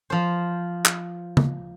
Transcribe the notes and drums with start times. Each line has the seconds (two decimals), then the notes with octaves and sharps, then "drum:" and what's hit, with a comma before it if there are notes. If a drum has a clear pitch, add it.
0.10 F3 C5
0.85 drum: clap
1.37 drum: tom C#3